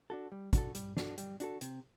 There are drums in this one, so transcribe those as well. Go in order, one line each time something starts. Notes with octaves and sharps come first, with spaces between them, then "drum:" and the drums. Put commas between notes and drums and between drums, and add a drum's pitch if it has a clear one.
D4 F#4 A4
G3
D4 F#4 A4, drum: kick, hi-hat
G3, drum: hi-hat
D4 F#4 A4, drum: snare
G3, drum: hi-hat
D4 F#4 A4, drum: hi-hat
C3, drum: hi-hat